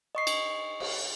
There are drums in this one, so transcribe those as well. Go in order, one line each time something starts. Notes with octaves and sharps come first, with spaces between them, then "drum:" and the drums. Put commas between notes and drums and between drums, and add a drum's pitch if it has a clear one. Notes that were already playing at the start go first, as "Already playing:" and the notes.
D#5 C#6 C7
drum: cymbal
drum: cymbal